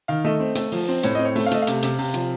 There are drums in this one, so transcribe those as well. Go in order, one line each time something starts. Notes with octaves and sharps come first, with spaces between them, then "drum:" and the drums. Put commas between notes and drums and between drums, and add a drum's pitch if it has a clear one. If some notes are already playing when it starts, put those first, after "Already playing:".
D#3 F5
A3 D#5
C4
A3, drum: hi-hat
F3, drum: open hi-hat
C4
A2 C#5, drum: hi-hat
C4 D#5
C#5
A3, drum: open hi-hat
F5
A3 D#5, drum: hi-hat
F5
C3, drum: hi-hat
C3, drum: hi-hat
C3, drum: open hi-hat
F3, drum: hi-hat